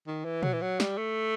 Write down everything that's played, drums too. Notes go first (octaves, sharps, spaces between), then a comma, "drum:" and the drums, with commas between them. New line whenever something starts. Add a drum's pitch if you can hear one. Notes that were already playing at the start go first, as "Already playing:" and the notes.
D#3
E3
F#3, drum: tom
E3
F#3
G3, drum: snare
A3